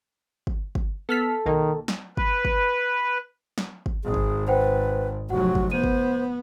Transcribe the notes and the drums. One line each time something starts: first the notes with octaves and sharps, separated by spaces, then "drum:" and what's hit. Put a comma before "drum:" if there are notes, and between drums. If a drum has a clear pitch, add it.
drum: kick
drum: kick
B3 A4 F6 B6
B1 D#3 A#3 D#4
drum: snare
B4, drum: kick
drum: kick
drum: snare
drum: kick
G#1 G#4
drum: kick
B4 C5 F#5 G5
F1 F#3 F#4 F#5
drum: kick
B3 C5 D#7
drum: kick